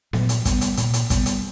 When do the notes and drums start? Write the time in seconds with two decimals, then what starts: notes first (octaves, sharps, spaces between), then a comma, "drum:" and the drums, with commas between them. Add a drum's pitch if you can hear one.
0.13 A#2, drum: snare B3
0.29 drum: hi-hat
0.45 G3 B3, drum: kick, hi-hat
0.61 drum: hi-hat
0.77 A#2, drum: hi-hat
0.93 drum: hi-hat
1.10 G3 B3, drum: kick, hi-hat
1.26 drum: hi-hat